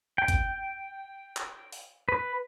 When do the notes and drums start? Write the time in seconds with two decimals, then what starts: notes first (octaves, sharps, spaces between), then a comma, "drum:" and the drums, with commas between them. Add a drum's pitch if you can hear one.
0.18 G5
0.28 drum: kick G1, hi-hat
1.36 drum: clap
1.72 drum: open hi-hat
2.09 B4